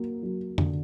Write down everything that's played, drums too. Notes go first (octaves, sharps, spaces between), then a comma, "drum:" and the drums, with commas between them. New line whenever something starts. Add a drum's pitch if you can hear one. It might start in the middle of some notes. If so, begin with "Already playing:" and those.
Already playing: F#3 A#3
F#3
D3, drum: tom F2